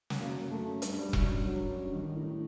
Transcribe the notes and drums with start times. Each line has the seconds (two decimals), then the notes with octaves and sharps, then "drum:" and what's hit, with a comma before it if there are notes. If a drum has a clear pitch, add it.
0.10 drum: snare
0.19 F#2 A#3
0.50 F#2 A3
0.82 G2, drum: hi-hat
0.98 G3
1.13 F#2, drum: kick E1
1.45 G2 F#3
1.68 F#2
1.91 G2 D#3
2.05 G2
2.15 A2